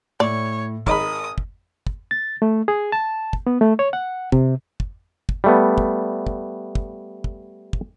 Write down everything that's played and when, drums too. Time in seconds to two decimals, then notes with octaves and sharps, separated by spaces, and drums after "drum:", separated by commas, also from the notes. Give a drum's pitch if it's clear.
0.20 A2 C#5 D5
0.87 G#1 A#4 D#5 A#5 B5 D#6, drum: kick
1.38 drum: kick
1.87 drum: kick
2.11 A6
2.42 A3
2.68 G#4
2.92 A5
3.33 drum: kick
3.47 B3
3.61 A3
3.79 C#5
3.93 F#5
4.32 C3, drum: kick
4.80 drum: kick
5.29 drum: kick
5.44 G3 A3 B3
5.78 drum: kick
6.27 drum: kick
6.75 drum: kick
7.24 drum: kick
7.73 drum: kick